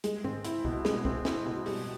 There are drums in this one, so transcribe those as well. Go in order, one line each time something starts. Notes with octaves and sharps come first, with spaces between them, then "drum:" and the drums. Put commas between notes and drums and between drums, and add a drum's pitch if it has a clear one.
G#3, drum: hi-hat
C4, drum: tom G#2
E4, drum: hi-hat
B2, drum: kick
G#3, drum: snare
C4, drum: kick
E4, drum: snare
B2
G3, drum: open hi-hat